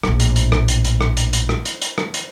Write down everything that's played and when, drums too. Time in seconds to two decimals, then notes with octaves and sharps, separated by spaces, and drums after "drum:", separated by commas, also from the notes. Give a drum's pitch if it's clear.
0.03 A#1 A2, drum: rim click
0.20 drum: hi-hat
0.36 drum: hi-hat
0.52 drum: rim click
0.68 drum: hi-hat
0.84 drum: hi-hat
1.01 drum: rim click
1.17 drum: hi-hat
1.33 drum: hi-hat
1.49 drum: rim click
1.65 drum: hi-hat
1.82 drum: hi-hat
1.98 drum: rim click
2.14 drum: hi-hat